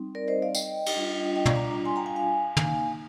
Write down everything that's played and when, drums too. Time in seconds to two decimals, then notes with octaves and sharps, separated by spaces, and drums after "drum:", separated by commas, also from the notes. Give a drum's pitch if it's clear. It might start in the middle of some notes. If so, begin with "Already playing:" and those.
Already playing: G3 C4 D#4
0.15 A#4 D5
0.28 C5 D#5
0.42 D5 F5
0.55 D#5 G5, drum: tambourine
0.86 drum: cymbal
0.96 G3 D4 F4
1.36 D#5 G5
1.46 D5 F5, drum: tom
1.55 A#5 D6
1.86 G#5 C6
1.96 G5 A#5
2.06 F5 G#5
2.16 F5 G#5
2.57 A#3 D#4, drum: tom